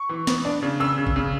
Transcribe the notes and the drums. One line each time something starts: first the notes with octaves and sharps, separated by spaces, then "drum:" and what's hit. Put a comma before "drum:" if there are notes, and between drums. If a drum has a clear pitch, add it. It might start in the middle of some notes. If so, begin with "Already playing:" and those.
Already playing: C#6
E3
B3, drum: snare
D4
C#3
C#3 E6
C#3
drum: kick G#1
C#3